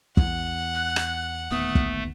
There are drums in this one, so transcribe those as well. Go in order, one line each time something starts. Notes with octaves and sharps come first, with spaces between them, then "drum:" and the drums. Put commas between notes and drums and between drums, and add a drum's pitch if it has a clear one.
E2 F#5, drum: kick
F#6
drum: rim click
D1 D#2 A3 B3 D#6
drum: kick